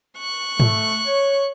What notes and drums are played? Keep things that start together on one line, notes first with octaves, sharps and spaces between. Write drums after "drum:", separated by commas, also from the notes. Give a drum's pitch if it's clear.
C#6 F#6
A3, drum: tom G#2
C#5